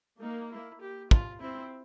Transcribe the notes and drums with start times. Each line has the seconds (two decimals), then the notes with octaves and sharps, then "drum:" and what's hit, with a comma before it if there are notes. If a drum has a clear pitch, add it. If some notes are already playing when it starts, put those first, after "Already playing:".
0.21 A#3 D#4
0.51 E4
0.81 G4
1.11 F4, drum: kick
1.41 C4 E4